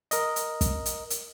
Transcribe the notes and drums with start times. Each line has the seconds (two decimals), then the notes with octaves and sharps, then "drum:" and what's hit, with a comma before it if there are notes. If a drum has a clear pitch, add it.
0.11 A#4 D#5, drum: hi-hat
0.36 drum: hi-hat
0.61 drum: kick, hi-hat
0.86 drum: hi-hat
1.10 drum: hi-hat